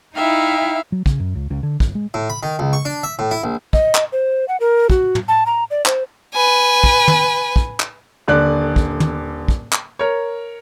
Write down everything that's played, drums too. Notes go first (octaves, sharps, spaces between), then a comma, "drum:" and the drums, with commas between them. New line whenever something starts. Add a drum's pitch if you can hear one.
D#4 E4 E5 F5 G5
F#3
C#3, drum: kick
F#2
C#2
C#2
D3
G1, drum: kick
G#3
A2
B5
D#3
C#2
C#6
D4
E5
A2
E4
A#1
D#5, drum: kick
drum: clap
C5
F#5
A#4
F#4, drum: kick
drum: tom
A5
A#5
D5
C5, drum: clap
B4 G#5
drum: kick
drum: tom
drum: kick
drum: clap
D#1 D3 D5 F#6
drum: kick
drum: tom
drum: kick
drum: clap
A#4 C#5